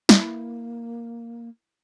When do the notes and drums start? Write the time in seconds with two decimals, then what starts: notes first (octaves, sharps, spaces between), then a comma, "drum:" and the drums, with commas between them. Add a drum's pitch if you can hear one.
0.09 A#3 E4, drum: snare